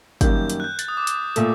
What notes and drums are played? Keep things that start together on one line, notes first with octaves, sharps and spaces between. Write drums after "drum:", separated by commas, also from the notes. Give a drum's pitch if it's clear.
F#2 D#3 G3 A#3 G6, drum: kick, hi-hat
drum: hi-hat
F#6
G6
A6, drum: hi-hat
D#6
D6
D#6, drum: hi-hat
A#2 A3, drum: hi-hat